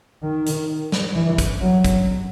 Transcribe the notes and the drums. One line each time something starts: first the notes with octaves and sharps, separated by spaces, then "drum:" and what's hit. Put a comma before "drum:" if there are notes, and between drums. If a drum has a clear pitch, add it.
D#3
drum: hi-hat
drum: snare
E3
drum: kick, hi-hat
F#3
drum: kick, hi-hat